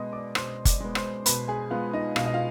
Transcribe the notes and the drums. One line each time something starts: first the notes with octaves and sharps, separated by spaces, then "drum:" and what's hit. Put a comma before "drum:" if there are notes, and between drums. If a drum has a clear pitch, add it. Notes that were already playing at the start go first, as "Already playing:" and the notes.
Already playing: B2 G#3 B3 D#5 C6 D#6
D5 D6
B2 C5 C6, drum: rim click
D5 D6, drum: kick F#1, hi-hat
G#3 B3
C5 C6, drum: rim click
B2 B4 B5, drum: hi-hat
G#4 G#5
G#3 B3 F4 F5
D#4 D#5
B2 F5, drum: rim click
D#5
F4 F5